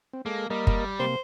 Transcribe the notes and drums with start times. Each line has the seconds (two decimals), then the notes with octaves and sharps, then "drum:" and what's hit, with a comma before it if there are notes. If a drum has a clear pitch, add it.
0.13 C4
0.26 G#3 A#3 A4
0.50 G3 A#3 A#4 D#5
0.67 G3, drum: kick
0.99 C3 A#3 C5